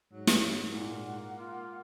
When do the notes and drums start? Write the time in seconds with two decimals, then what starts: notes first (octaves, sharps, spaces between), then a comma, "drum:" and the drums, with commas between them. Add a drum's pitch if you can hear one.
0.13 G#2 F#3
0.27 drum: snare
0.71 A#2 A#3 F#5
1.36 F4